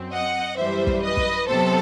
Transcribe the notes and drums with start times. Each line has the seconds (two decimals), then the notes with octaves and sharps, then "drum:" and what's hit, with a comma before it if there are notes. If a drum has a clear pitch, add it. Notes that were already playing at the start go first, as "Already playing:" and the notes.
Already playing: F#2 F#3 C4
0.11 D#5 F#5
0.57 F#2 E3 G3 C5 E5
0.87 drum: kick
1.02 B4 D#5
1.17 drum: kick
1.47 C3 F#3 B3 A4 C5